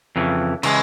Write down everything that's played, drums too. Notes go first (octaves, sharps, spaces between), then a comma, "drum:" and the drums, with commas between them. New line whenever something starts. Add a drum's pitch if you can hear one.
F2 C#3 E3
C#3 E3 G#3, drum: cymbal